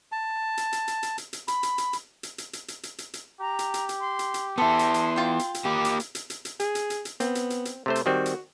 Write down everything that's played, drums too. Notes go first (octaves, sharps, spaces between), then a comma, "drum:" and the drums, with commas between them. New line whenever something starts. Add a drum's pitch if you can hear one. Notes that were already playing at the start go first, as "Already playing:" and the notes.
A5
drum: hi-hat
drum: hi-hat
drum: hi-hat
drum: hi-hat
drum: hi-hat
drum: hi-hat
B5, drum: hi-hat
drum: hi-hat
drum: hi-hat
drum: hi-hat
drum: hi-hat
drum: hi-hat
drum: hi-hat
drum: hi-hat
drum: hi-hat
drum: hi-hat
drum: hi-hat
G4 A#5
drum: hi-hat
drum: hi-hat
drum: hi-hat
C6
drum: hi-hat
drum: hi-hat
B3 E4 A4 C6
drum: hi-hat
drum: hi-hat
F4 G5
drum: hi-hat
drum: hi-hat
A#3 G4 B5 D6
drum: hi-hat
drum: hi-hat
drum: hi-hat
drum: hi-hat
drum: hi-hat
G#4, drum: hi-hat
drum: hi-hat
drum: hi-hat
drum: hi-hat
B3 C4, drum: hi-hat
drum: hi-hat
drum: hi-hat
drum: hi-hat
C3 A3 C5
drum: hi-hat
D#3 G3 C4 F#4
drum: hi-hat